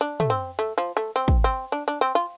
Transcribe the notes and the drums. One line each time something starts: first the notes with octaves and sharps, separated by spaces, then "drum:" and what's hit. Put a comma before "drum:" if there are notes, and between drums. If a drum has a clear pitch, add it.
D4
A3, drum: tom
C4
A3
F3
A3
C4
drum: kick
C4
D4
D4
C4
F4